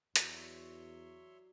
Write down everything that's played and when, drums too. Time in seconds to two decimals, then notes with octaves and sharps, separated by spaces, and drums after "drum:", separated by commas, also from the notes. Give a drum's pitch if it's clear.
0.16 E2 F#3 C#5 D5 E5 C6, drum: hi-hat